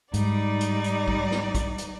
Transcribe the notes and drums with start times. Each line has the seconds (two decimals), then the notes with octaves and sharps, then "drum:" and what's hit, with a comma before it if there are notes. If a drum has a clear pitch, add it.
0.14 G#2 G3 D#4 D5, drum: hi-hat
0.61 drum: hi-hat
0.84 drum: hi-hat
1.08 drum: kick
1.31 drum: snare
1.55 drum: kick, hi-hat
1.78 drum: hi-hat